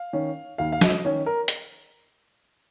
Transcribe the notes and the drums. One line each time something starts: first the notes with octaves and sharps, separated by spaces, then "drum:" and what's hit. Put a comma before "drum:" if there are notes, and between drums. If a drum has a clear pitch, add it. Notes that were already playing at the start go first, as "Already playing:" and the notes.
Already playing: F5
D#3 C#4
D#2 F5
F5
D#5, drum: snare
D#3 C#4 C#5
A#4
drum: hi-hat